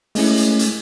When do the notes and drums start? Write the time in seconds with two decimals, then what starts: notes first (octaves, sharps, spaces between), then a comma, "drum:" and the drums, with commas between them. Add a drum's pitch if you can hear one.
0.15 G#3 A3 C#4 E4, drum: open hi-hat
0.37 drum: hi-hat
0.59 drum: hi-hat